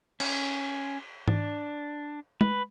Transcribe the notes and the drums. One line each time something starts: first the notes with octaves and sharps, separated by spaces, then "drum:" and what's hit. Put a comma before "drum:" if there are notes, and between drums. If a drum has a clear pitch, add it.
C#4, drum: cymbal
D4, drum: tom G#2
B4, drum: tom